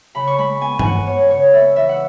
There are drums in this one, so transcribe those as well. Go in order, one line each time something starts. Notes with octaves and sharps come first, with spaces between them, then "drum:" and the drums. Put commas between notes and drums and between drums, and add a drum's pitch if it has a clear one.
C#3 B5
C#6
G#3 B5
B3 G#5
G#3 F#5 G#5, drum: tom G2
B3 C#5
C#3 C#5
B3 E5
E3 E5
F#5